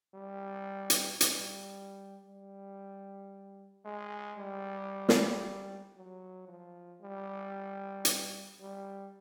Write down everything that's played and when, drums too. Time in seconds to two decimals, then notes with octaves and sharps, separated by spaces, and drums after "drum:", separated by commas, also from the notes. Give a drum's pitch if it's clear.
0.14 G3
0.90 drum: hi-hat
1.21 G3, drum: hi-hat
2.25 G3
3.85 G#3
4.38 G3
5.09 drum: snare
5.96 F#3
6.48 F3
7.01 G3
8.05 drum: hi-hat
8.60 G3